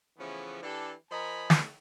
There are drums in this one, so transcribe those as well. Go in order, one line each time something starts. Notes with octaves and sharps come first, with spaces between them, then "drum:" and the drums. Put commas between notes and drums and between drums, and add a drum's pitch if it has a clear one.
C#3 E3 F3 A3 B3 C#4
E3 D4 G4 A4
F3 A#4 D#5 G#5 A#5 B5
drum: snare